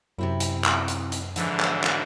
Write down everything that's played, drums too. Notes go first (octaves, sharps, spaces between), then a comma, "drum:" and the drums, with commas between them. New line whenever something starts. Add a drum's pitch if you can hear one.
F#2 C3 C4 E4
drum: hi-hat
drum: clap
drum: hi-hat
drum: hi-hat
G#2 D3 E3 F3, drum: hi-hat
drum: clap
drum: clap